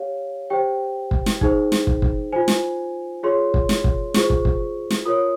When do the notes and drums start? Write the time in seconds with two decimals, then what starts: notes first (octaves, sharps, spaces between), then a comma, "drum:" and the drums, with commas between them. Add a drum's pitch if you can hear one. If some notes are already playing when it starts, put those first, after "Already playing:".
Already playing: G4 C#5 F5
0.50 G4 C5 G5
1.11 drum: kick
1.26 drum: snare
1.41 D#4 G#4 C5, drum: kick
1.72 drum: snare
1.87 drum: kick
2.02 drum: kick
2.33 F4 C5 G#5
2.48 drum: snare
3.23 F4 G#4 C#5 C6
3.54 drum: kick
3.69 drum: snare
3.84 drum: kick
4.14 F4 G#4 C5 C#6, drum: snare
4.30 drum: kick
4.45 drum: kick
4.90 drum: snare
5.05 F4 A#4 C#5 D#6